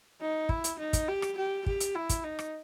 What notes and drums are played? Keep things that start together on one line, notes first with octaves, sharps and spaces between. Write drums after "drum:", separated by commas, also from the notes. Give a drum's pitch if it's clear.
D#4
E4, drum: kick
drum: hi-hat
D#4
drum: kick, hi-hat
G4
drum: rim click
G4
G4, drum: kick
drum: hi-hat
E4
drum: kick, hi-hat
D#4
drum: rim click